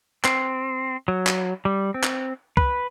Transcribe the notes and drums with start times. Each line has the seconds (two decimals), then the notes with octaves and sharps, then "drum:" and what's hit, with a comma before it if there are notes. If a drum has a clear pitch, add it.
0.25 C4, drum: clap
1.08 F#3
1.27 drum: clap
1.65 G3
1.94 C4
2.04 drum: clap
2.57 B4, drum: kick